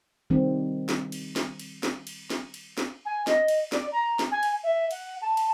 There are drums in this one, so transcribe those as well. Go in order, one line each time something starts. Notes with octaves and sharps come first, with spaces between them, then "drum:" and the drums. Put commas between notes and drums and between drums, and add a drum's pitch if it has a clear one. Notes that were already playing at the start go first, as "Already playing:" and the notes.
D#3 G3 C4
drum: snare
drum: cymbal
drum: snare
drum: cymbal
drum: snare
drum: cymbal
drum: snare
drum: cymbal
drum: snare
G#5
D#5, drum: snare
drum: cymbal
D5, drum: snare
A#5
drum: snare
G#5
drum: cymbal
E5
F#5, drum: cymbal
A5
drum: cymbal